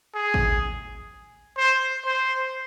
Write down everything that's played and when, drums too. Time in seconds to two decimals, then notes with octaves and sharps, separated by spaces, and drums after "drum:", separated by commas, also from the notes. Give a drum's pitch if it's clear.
0.15 G#4
0.34 drum: kick A1
1.58 C5
2.05 C5